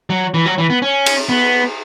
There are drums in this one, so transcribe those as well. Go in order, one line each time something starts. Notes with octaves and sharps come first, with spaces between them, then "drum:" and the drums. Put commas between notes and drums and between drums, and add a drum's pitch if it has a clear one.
F#3
E3
F#3
E3
B3
C#4
drum: cymbal
B3